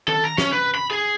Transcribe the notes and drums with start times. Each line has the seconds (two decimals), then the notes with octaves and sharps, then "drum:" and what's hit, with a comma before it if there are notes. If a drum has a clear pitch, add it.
0.08 A4, drum: tom D#3
0.24 A#5
0.38 C#4, drum: snare
0.52 B4
0.75 B5
0.91 G#4